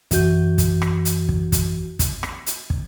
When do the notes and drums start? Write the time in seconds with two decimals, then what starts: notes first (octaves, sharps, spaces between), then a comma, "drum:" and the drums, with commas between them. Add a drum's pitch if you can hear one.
0.11 F#2 E3 F#4 G6, drum: kick, hi-hat
0.58 drum: kick, hi-hat
0.82 drum: rim click
1.05 drum: hi-hat
1.29 drum: kick
1.52 drum: kick, hi-hat
1.99 drum: kick, hi-hat
2.23 drum: rim click
2.46 drum: hi-hat
2.70 drum: kick